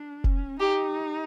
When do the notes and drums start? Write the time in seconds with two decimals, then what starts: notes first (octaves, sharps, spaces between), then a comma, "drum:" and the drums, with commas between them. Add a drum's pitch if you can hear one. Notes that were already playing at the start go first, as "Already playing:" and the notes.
Already playing: D4
0.24 C#4, drum: kick F1
0.60 D#4 G4